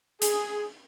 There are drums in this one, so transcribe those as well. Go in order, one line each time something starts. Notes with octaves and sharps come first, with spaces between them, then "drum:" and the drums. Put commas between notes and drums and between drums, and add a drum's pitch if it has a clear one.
G#4, drum: hi-hat